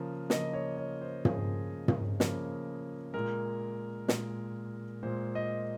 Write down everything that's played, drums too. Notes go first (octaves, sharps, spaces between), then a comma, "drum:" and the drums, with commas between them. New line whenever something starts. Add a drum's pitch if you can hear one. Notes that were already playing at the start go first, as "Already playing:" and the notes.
Already playing: C#3 F3 A#3 A#4
C#3 F3 A#3 D#5, drum: snare
C#5
C#5
C5
C#3 F3 A#3 G#4, drum: tom
drum: tom
C#3 F3 A#3, drum: snare
A#2 G#3 A#4
A#2 G#3, drum: snare
A#2 G#3 C5
D#5